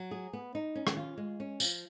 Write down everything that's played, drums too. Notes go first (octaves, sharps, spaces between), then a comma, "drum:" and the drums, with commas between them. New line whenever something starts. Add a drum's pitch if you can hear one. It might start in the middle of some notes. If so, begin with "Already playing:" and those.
Already playing: F#3
G#4
B3
D#4
C#4
drum: rim click
F4
G#3
C#4
F3, drum: tambourine